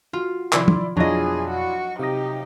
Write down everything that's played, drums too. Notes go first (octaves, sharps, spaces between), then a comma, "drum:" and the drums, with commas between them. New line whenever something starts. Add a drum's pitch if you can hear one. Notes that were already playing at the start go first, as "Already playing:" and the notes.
F4 F#4
C3 D#3 F3 E4 D5 C6, drum: clap
drum: tom
F2 B2 F#3 D4 E4 F4 G#4 D#5
F#4 C#6
C3 D#4 G4 F5 D#6 A#6